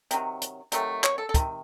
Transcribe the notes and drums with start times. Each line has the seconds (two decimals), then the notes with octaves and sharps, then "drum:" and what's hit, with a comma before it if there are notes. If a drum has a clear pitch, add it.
0.11 C3 D#3 F#3, drum: hi-hat
0.42 drum: hi-hat
0.72 C3 D#3 F#3 A3, drum: hi-hat
1.04 C#5, drum: clap
1.18 A4
1.29 A4
1.34 C3 D#3, drum: kick, hi-hat